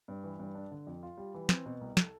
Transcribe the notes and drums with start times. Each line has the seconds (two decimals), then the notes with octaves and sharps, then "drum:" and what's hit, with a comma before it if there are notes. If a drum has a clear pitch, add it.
0.08 G2
0.24 E3
0.39 G2
0.55 D4
0.71 D3
0.87 F2
1.03 F4
1.17 G3
1.34 E3
1.49 C4, drum: snare
1.66 B2
1.81 C2
1.97 A4, drum: snare